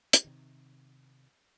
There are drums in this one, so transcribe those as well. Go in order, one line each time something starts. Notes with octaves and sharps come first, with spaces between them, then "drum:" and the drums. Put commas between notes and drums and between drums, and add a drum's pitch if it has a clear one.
drum: hi-hat
C3 D#3